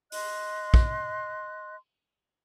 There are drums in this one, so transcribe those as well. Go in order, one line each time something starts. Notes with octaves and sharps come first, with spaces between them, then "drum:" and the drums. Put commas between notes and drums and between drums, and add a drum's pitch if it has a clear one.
D#5 C6 F#6, drum: open hi-hat
drum: kick